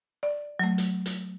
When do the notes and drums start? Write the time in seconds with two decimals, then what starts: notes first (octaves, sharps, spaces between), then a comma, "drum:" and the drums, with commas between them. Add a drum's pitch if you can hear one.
0.23 D5
0.59 F#3 A3
0.78 drum: hi-hat
1.06 drum: hi-hat